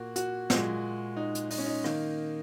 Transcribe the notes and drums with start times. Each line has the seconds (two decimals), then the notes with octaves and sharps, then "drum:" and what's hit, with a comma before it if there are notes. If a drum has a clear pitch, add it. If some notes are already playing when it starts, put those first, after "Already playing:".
Already playing: A#2 A#3 F#4
0.16 F#4, drum: hi-hat
0.50 A#2 G#3, drum: snare
1.17 D#4
1.35 drum: hi-hat
1.51 D#4, drum: open hi-hat
1.58 C#4
1.66 D#4
1.84 D#3 A#3, drum: rim click